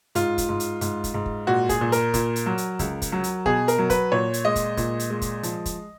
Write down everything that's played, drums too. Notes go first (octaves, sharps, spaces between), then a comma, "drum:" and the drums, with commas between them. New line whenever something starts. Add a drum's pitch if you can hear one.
G#2 F4, drum: hi-hat
drum: kick, hi-hat
G#2
drum: hi-hat
G#2, drum: hi-hat
drum: kick, hi-hat
G#2
drum: kick
A#2 F#4
G#4, drum: kick, hi-hat
A#2
A#4, drum: hi-hat
A#2, drum: kick, hi-hat
drum: hi-hat
F#3
drum: hi-hat
C#2, drum: kick, hi-hat
drum: kick, hi-hat
F#3
drum: hi-hat
B2 G#4, drum: kick
A#4, drum: hi-hat
F#3
B4, drum: kick, hi-hat
A#2 C#5
drum: hi-hat
G#3 D#5
drum: kick, hi-hat
A#2, drum: kick, hi-hat
drum: hi-hat
G#3
drum: kick, hi-hat
F3, drum: hi-hat
drum: kick, hi-hat